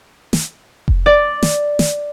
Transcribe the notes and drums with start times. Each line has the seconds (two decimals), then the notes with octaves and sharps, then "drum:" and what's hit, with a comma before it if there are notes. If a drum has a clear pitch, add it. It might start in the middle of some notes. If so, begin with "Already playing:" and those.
0.33 drum: snare
0.88 drum: kick F1
1.06 D5
1.43 drum: snare
1.79 drum: snare